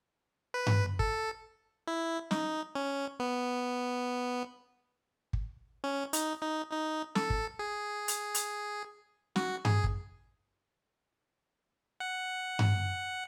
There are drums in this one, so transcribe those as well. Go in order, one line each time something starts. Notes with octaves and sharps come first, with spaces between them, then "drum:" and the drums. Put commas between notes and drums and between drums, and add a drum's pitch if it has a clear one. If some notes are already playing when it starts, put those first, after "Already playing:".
B4
drum: tom G2
A4, drum: kick
E4
D#4, drum: snare
C#4
B3
drum: kick
C#4
D#4, drum: hi-hat
D#4
D#4
A4, drum: snare
drum: kick
G#4
drum: hi-hat
drum: hi-hat
F#4, drum: snare
G#4, drum: tom G2
drum: kick
F#5
drum: tom G2